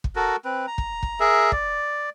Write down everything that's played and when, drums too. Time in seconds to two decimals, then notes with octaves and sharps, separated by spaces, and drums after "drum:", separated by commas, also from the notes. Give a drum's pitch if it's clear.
0.04 drum: kick
0.16 F#4 A4 A#4
0.45 C4 B4
0.67 A#5
0.78 drum: kick
1.03 drum: kick
1.20 G#4 A#4 E5
1.52 D5, drum: kick